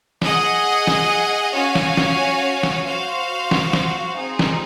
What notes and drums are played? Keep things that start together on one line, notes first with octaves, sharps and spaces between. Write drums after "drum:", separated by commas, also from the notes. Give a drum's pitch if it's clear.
G#4 D#5 F#5, drum: snare
drum: snare
C#4 F#4 C#5 F5 G#5
drum: snare
drum: snare
drum: snare
F#4 C5 F5
drum: snare
drum: snare
C4 D#4 G#4
drum: snare